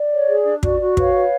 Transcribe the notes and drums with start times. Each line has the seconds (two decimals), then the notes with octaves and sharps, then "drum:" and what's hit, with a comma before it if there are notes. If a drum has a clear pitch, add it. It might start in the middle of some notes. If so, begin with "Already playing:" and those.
Already playing: D5
0.11 C#5
0.28 G#4
0.46 D4
0.63 F#4 D5, drum: kick
0.80 F#4
0.97 B4 C#5 F5, drum: kick
1.15 B4